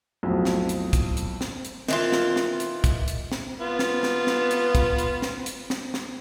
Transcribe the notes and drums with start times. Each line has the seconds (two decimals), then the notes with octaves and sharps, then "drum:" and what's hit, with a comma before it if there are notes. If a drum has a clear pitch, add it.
0.23 B1 F2 A2
0.45 drum: snare
0.69 drum: hi-hat
0.93 drum: kick, hi-hat
1.17 drum: hi-hat
1.41 drum: snare
1.65 drum: hi-hat
1.88 D#3 E3 F4, drum: snare
2.12 drum: snare
2.36 drum: snare
2.60 drum: hi-hat
2.84 drum: kick, hi-hat
3.08 drum: hi-hat
3.32 drum: snare
3.61 B3 F4
3.79 drum: snare
4.03 drum: snare
4.27 drum: snare
4.51 drum: hi-hat
4.75 drum: kick, hi-hat
4.98 drum: hi-hat
5.22 drum: snare
5.46 drum: hi-hat
5.70 drum: snare
5.94 drum: snare